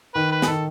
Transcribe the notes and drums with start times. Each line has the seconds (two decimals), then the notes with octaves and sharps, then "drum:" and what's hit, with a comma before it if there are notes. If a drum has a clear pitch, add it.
0.15 D#3 B4
0.32 B4
0.42 G#4, drum: snare
0.47 D#3 A4